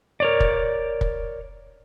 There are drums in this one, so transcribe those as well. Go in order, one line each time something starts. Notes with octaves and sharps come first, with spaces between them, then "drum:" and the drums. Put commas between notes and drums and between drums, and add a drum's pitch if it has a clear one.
A#4 C#5 D5
drum: kick
drum: kick